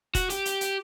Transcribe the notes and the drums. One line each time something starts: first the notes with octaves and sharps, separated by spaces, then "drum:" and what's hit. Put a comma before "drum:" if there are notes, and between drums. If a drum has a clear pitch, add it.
F#4, drum: kick E1, hi-hat
G4, drum: hi-hat
drum: hi-hat
drum: hi-hat